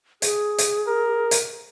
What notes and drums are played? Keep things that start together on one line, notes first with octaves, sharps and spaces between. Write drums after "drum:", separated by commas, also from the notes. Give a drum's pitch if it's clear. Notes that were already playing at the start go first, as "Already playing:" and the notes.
G#4, drum: hi-hat
drum: hi-hat
A#4
drum: hi-hat